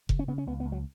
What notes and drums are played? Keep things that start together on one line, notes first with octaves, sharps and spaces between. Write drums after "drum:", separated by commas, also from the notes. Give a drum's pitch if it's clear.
C#3, drum: kick F1
C#4
C#3 B3
C#4
C#2 B3
B3
C#2
F#3